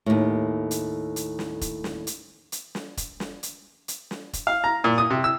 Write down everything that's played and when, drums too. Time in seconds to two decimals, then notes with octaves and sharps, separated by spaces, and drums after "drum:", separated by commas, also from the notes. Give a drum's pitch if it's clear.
0.06 D#2 A2
0.71 drum: hi-hat
1.16 drum: hi-hat
1.39 drum: snare
1.61 drum: kick F1, hi-hat
1.84 drum: snare
2.07 drum: hi-hat
2.52 drum: hi-hat
2.75 drum: snare
2.97 drum: kick F1, hi-hat
3.20 drum: snare
3.43 drum: hi-hat
3.88 drum: hi-hat
4.11 drum: snare
4.33 drum: kick F1, hi-hat
4.47 F5
4.64 A#5
4.84 A#2
4.98 D#6
5.10 C3
5.24 E6